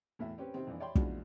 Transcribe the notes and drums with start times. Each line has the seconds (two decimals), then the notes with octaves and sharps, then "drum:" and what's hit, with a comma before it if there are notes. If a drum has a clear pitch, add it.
0.19 E2 A2 E5
0.38 C4 C#4 G4 B4
0.54 C3 D#3 C4
0.67 F2 A#2 E3 D4
0.80 C#5 D5 E5 G5 B5 C6
0.95 A#1 E2 G#2 D4 F4 F#4, drum: kick